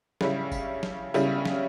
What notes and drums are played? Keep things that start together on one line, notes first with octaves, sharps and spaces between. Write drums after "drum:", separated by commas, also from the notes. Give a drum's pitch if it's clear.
C#3 G3 C#4 E4, drum: snare
drum: kick, tambourine
drum: snare
C#3 G3 C#4 E4, drum: tambourine
drum: snare